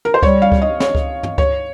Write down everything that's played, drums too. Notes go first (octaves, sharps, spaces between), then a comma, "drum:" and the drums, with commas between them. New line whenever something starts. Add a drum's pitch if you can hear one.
A#4
C5
G3 C#5, drum: kick C#2
F5
drum: kick C#2
D#5
C#5, drum: snare
drum: kick C#2
drum: tom
C#5, drum: kick C#2